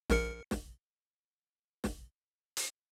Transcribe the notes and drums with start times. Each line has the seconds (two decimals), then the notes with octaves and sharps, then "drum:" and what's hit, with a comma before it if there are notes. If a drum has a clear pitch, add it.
0.10 A#1 A#4 C#7, drum: snare
0.51 drum: snare
1.84 drum: snare
2.57 drum: hi-hat